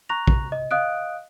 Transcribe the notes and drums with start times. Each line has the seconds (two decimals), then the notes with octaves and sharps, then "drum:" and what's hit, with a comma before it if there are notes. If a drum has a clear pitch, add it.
0.09 A#5 C#6 F#6 A#6 F7
0.27 drum: kick
0.52 D#5
0.71 D#5 F5 D#6 F#6 D7